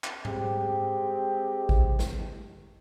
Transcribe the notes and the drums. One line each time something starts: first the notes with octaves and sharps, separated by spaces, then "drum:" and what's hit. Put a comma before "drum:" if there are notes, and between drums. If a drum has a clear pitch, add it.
drum: clap
G#3 C4 G4, drum: tom G#2
drum: kick G#1
drum: snare